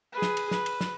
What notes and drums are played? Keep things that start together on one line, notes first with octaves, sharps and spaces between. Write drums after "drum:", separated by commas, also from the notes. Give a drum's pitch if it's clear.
G#4 B4
drum: snare
drum: cymbal
B4, drum: snare
drum: cymbal
drum: snare